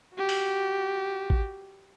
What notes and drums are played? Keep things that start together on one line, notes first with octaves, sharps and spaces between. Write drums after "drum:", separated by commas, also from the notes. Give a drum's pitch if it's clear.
F#4 G4
drum: open hi-hat
drum: kick A1